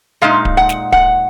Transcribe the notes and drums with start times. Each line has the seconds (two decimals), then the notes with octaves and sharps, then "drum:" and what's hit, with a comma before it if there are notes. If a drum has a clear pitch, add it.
0.22 A#2 G#3 D#4 F5
0.45 drum: kick D1
0.57 F#5
0.69 drum: snare
0.92 F#5, drum: kick D1